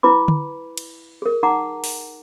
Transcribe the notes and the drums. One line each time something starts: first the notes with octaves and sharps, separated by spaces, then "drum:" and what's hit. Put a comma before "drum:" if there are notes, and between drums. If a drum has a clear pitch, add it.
E4 B4 B5 D6
drum: tom D3
drum: cymbal
G#4 A#4
D#4 F#5 A#5 D6
drum: open hi-hat